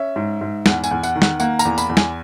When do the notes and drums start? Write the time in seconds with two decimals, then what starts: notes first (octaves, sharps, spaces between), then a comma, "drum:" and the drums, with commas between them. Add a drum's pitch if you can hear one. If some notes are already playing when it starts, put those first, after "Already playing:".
Already playing: C#4 E5
0.16 G#2
0.41 G#2
0.66 E2 F#5, drum: snare
0.84 G#5, drum: tambourine
0.91 E2
1.03 F#5, drum: tambourine
1.16 D#3
1.22 F#5, drum: snare
1.40 A#3 F#5, drum: tambourine
1.59 A#5, drum: tambourine
1.65 E2
1.78 B5, drum: tambourine
1.89 E2
1.97 G#5, drum: snare